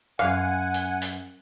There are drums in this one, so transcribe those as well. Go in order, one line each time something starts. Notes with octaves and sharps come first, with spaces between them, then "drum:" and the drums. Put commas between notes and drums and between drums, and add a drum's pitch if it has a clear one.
F#2 F5 F#5 G#5, drum: rim click
drum: hi-hat
drum: hi-hat